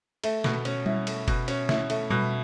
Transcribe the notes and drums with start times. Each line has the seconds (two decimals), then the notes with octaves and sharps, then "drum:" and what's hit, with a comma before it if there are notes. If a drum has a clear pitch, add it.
0.24 A3, drum: cymbal
0.44 B2, drum: snare
0.65 C#4, drum: cymbal
0.86 E4, drum: tom G3
1.07 A3, drum: cymbal
1.28 B2, drum: kick F#1, cymbal
1.48 C#4, drum: cymbal
1.69 E4, drum: snare
1.90 A3, drum: cymbal
2.10 B2, drum: tom G3